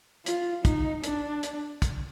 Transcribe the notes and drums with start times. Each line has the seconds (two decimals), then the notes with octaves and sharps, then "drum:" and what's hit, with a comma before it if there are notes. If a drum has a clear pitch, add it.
0.26 F4, drum: hi-hat
0.65 D#4, drum: kick, hi-hat
1.04 D4, drum: hi-hat
1.43 drum: hi-hat
1.82 drum: kick, hi-hat